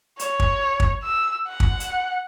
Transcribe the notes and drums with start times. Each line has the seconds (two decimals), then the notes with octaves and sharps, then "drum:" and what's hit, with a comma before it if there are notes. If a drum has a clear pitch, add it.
0.19 C#5, drum: hi-hat
0.40 drum: kick
0.80 drum: kick
1.03 E6
1.49 F#5
1.60 drum: kick
1.80 drum: hi-hat